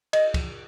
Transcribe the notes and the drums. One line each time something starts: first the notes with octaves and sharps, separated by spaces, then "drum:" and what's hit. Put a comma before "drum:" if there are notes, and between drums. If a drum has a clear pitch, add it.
D#5, drum: cymbal
drum: kick, cymbal